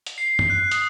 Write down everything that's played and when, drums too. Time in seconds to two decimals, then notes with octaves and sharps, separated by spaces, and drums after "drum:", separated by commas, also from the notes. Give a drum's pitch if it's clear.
0.06 drum: hi-hat
0.18 C7
0.39 drum: tom F#2
0.50 F#6
0.71 D#6, drum: hi-hat